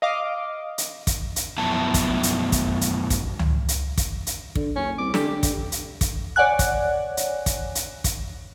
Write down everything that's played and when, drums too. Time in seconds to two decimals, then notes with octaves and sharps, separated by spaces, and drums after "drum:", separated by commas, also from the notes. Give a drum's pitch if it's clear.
0.02 D#5 F5 D6
0.78 drum: hi-hat
1.07 drum: kick, hi-hat
1.36 drum: hi-hat
1.58 F#2 B2 F3 E4 A5
1.94 drum: kick, hi-hat
2.23 drum: hi-hat
2.52 drum: kick, hi-hat
2.81 drum: hi-hat
3.10 drum: kick, hi-hat
3.39 drum: tom C#2
3.68 drum: hi-hat
3.98 drum: kick, hi-hat
4.27 drum: hi-hat
4.55 D3, drum: kick
4.76 F#1 C#4
4.98 C2 D6
5.14 D3 G4, drum: snare
5.27 D3
5.43 drum: kick, hi-hat
5.72 drum: hi-hat
6.01 drum: kick, hi-hat
6.36 C#5 D5 F#5 G#5 F#6
6.59 drum: kick, hi-hat
7.17 drum: hi-hat
7.46 drum: kick, hi-hat
7.75 drum: hi-hat
8.04 drum: kick, hi-hat